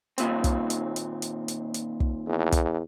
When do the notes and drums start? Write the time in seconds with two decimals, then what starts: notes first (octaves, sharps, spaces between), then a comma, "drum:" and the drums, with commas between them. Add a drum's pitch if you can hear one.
0.18 D#2 A#2 C4, drum: hi-hat
0.44 drum: kick, hi-hat
0.70 drum: hi-hat
0.96 drum: hi-hat
1.22 drum: hi-hat
1.48 drum: hi-hat
1.74 drum: hi-hat
2.00 drum: kick
2.27 E2
2.52 drum: kick, hi-hat